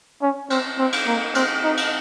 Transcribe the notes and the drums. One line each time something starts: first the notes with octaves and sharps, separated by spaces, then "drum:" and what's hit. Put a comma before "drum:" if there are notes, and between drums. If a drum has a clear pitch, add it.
C#4
C4, drum: cymbal
C4
drum: cymbal
A#3
C4, drum: cymbal
D#4
drum: cymbal